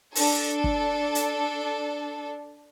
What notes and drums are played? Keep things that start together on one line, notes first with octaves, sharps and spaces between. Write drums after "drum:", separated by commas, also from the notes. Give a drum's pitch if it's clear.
D4 A4, drum: open hi-hat
drum: kick
drum: hi-hat